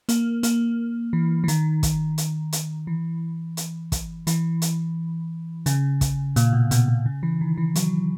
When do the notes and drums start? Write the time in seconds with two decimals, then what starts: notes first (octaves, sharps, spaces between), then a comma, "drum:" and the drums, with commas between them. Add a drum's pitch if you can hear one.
0.09 A#3, drum: hi-hat
0.43 A#3, drum: hi-hat
1.13 E3
1.44 E3
1.48 D#3, drum: hi-hat
1.83 drum: kick, hi-hat
2.18 drum: hi-hat
2.52 drum: hi-hat
2.87 E3
3.57 drum: hi-hat
3.92 drum: kick, hi-hat
4.27 E3, drum: hi-hat
4.62 drum: hi-hat
5.66 C#3, drum: hi-hat
6.01 drum: kick, hi-hat
6.36 A#2, drum: hi-hat
6.53 B2
6.71 B2, drum: hi-hat
6.88 B2
7.06 C#3
7.23 E3
7.41 D#3
7.57 E3
7.75 F#3, drum: hi-hat